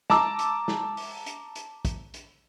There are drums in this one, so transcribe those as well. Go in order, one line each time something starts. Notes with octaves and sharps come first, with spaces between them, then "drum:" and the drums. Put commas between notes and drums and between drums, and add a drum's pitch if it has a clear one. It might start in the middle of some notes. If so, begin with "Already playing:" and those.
A5 A#5 D6 E6, drum: snare
drum: hi-hat
drum: snare
drum: open hi-hat
drum: hi-hat
drum: hi-hat
drum: kick, hi-hat
drum: hi-hat